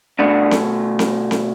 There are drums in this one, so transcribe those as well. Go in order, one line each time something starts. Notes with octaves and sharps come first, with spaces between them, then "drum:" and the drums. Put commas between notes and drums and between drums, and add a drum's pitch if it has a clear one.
B2 A3 B3 D4
drum: snare C4
drum: snare C4
drum: snare C4